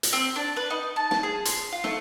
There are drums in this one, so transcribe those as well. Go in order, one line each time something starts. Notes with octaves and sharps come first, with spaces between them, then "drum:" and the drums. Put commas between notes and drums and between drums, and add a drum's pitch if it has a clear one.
drum: hi-hat
C4
D4
B4
D#4
A5
A5, drum: snare
G#4
C6, drum: hi-hat
F4
A3, drum: snare